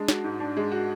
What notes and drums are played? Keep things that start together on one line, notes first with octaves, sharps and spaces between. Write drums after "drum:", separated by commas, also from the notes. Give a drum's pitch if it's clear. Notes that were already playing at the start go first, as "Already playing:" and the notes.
Already playing: G#3 D4
F#4, drum: snare
G#2
D4
G#3
F#4